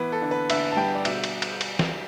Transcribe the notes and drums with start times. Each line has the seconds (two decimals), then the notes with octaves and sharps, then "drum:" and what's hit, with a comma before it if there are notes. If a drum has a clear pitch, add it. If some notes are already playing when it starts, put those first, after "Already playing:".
Already playing: E3 B3 B4
0.12 A4
0.22 D3
0.31 B4
0.50 D3 E5, drum: cymbal
0.72 A5
0.77 G3 G5
0.95 D5
1.05 B2 E5, drum: cymbal
1.24 drum: cymbal
1.42 drum: cymbal
1.61 drum: cymbal
1.79 drum: snare